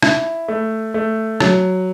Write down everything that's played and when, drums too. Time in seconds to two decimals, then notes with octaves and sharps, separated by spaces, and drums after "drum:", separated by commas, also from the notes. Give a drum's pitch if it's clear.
0.03 E4, drum: rim click
0.48 A3
0.94 A3
1.40 F#3, drum: rim click